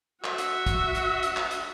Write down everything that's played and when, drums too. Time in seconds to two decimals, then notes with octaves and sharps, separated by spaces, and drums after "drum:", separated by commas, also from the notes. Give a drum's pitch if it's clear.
0.24 F#4 E5, drum: clap
0.38 drum: hi-hat
0.66 drum: kick, hi-hat
0.95 drum: hi-hat
1.23 drum: hi-hat
1.37 drum: clap
1.51 drum: hi-hat